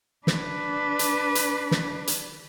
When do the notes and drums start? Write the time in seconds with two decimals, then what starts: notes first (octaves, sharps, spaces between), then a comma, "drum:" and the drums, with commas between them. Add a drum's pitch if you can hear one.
0.27 D4 B4, drum: snare
0.99 drum: hi-hat
1.35 drum: hi-hat
1.71 drum: snare
2.07 drum: hi-hat